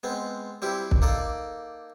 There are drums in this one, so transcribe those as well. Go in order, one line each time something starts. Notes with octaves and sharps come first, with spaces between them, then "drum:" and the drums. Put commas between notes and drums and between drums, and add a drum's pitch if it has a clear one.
G#3 B3 C4
G3 C4 E4 G4
drum: kick
A#3 D#4 A4 D5